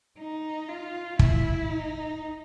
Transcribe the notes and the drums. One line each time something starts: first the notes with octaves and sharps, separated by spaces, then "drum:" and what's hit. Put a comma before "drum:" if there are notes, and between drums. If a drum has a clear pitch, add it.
D#4
F4
E4, drum: kick
D#4